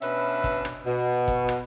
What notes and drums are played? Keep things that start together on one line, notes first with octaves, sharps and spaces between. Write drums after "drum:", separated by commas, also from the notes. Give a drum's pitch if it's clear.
B2 C#4 D4 B4 E5, drum: hi-hat
drum: kick, hi-hat
drum: rim click
B2
drum: kick, hi-hat
drum: rim click